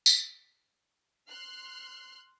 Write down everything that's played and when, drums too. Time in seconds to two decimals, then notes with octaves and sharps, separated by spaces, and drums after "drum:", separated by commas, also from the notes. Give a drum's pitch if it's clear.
0.06 drum: tambourine
1.27 C6 F6 F#6 C7